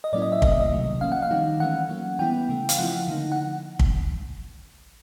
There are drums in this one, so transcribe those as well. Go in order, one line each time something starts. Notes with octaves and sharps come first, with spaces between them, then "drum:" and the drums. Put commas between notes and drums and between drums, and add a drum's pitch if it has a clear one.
D#5
A2 F#3 A#3 C#4 E4 D5
D#5
E5
B2 G3 A#3 D#5, drum: kick
E5
D#5
C3 D#3 F#3 A3
F3 A#3 C#4 F5
F#5
F5
D#3 G3 C4 D#4
E3 A3 C#4 F#5
F#3 A#3 C#4
E3 G3 B3 E4 G5
C#3 E3 A3
F5, drum: hi-hat
F3 A3 C4 E4 F#5
D3 F3 A#3 D#4
F#5
drum: kick